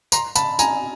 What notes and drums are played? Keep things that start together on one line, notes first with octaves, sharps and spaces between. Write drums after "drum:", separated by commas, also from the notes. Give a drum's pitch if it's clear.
A#5 C6, drum: tambourine
A5 B5, drum: tambourine
G#5 A#5, drum: tambourine